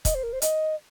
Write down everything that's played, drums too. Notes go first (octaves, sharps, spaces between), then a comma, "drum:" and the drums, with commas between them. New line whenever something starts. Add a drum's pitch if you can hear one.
D#5, drum: kick, hi-hat
C5
A#4
C5
D#5, drum: hi-hat